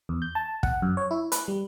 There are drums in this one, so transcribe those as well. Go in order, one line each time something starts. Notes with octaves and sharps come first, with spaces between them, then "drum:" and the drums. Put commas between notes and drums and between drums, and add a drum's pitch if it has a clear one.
E2
G6
A5
F#5, drum: kick
F#2
C#5
E4
B4, drum: hi-hat
G3